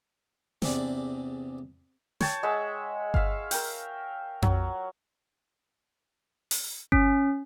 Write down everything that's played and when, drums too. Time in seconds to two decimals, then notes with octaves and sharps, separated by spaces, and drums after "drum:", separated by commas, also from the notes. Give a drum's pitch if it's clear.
0.62 E2 C3 D4 G#4 D5 B5, drum: snare
2.21 C#5 G5 A5, drum: snare
2.43 G#3 E5 F#5
3.14 E5 F5, drum: kick G1
3.51 A#4 G5, drum: open hi-hat
4.42 F#3, drum: tom F2
6.51 drum: open hi-hat
6.92 C#4, drum: kick G1